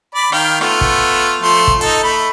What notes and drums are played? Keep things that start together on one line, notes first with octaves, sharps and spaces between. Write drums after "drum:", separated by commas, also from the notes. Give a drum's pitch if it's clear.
D5 B5
D#3 F5 G5, drum: rim click
A3 B3 F4, drum: rim click
drum: kick
F3 A3 C6
drum: kick
D#4 A4, drum: hi-hat
A3 B5